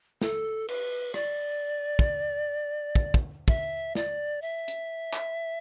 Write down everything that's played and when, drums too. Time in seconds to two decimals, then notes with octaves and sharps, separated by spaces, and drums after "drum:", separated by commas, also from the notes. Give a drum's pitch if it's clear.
0.21 A4, drum: snare
0.68 B4, drum: cymbal
1.14 D5, drum: rim click
1.99 drum: kick
2.95 drum: kick
3.14 drum: kick
3.48 E5, drum: kick
3.95 D5, drum: snare
4.42 E5
4.68 drum: hi-hat
5.13 drum: clap